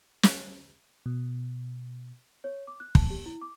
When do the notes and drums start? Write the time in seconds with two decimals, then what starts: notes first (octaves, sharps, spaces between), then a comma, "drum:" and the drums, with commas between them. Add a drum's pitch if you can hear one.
0.23 drum: snare
1.06 B2
2.44 C#5
2.67 D6
2.80 F#6
2.95 A5, drum: kick
3.10 G4
3.26 E4
3.41 D6